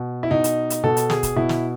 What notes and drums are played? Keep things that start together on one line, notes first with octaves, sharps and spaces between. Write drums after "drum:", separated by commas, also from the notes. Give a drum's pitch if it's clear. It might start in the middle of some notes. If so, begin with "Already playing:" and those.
Already playing: B2
E4
B2 D#4
drum: hi-hat
drum: hi-hat
B2 A4
drum: hi-hat
G#4, drum: snare
drum: kick C#1, hi-hat
B2 E4
drum: snare